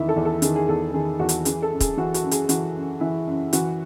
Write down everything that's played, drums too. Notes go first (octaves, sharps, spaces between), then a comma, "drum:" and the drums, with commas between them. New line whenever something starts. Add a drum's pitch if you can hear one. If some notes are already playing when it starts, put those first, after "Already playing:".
Already playing: E2 D#3 E4
A4
E2
A4
D#3 G#4, drum: hi-hat
G#4
E2 A4
D#3 G#4
E2 F#4
drum: hi-hat
E3 G#4, drum: hi-hat
A4
F#2
G#4, drum: kick, hi-hat
E3 F#4
F#4, drum: hi-hat
F#2
G#4, drum: hi-hat
E3 F#4, drum: hi-hat
F#2
E3 E4
F#2
E3 F#4, drum: hi-hat